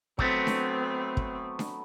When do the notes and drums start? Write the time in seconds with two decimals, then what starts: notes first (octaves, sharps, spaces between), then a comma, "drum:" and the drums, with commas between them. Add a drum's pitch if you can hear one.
0.19 F#3 A3 B3 C4, drum: kick
0.47 drum: snare D4
1.17 drum: kick
1.59 drum: snare D4